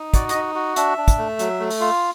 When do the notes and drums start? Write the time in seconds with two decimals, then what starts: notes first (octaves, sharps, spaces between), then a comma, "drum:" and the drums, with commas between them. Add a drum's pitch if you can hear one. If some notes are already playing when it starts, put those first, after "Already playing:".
Already playing: D#4
0.14 F#4 D5, drum: kick, hi-hat
0.29 D#5, drum: hi-hat
0.34 D#4
0.55 F#4
0.76 D4 E5, drum: hi-hat
0.98 D4
1.08 drum: kick, hi-hat
1.18 A3
1.39 F#3, drum: hi-hat
1.60 A3
1.70 drum: open hi-hat
1.80 F4